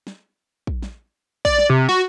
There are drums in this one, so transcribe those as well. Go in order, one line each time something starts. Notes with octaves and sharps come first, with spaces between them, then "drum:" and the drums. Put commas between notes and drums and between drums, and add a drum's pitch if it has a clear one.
drum: snare
drum: kick A#1
drum: snare
D5, drum: kick A#1
drum: snare
C3
F#4, drum: snare